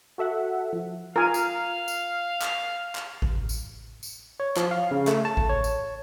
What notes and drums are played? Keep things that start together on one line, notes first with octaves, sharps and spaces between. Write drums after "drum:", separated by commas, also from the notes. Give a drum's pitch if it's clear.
F#4 A4 E5 F#5
F3
F4 A#4 F5 G#5 D#6
drum: tambourine
drum: tambourine
drum: clap
drum: clap
drum: kick G#1
drum: tambourine
drum: tambourine
C#5
F3, drum: clap
F5
C#3
A3, drum: clap
A5
drum: kick G#1
C#5
drum: tambourine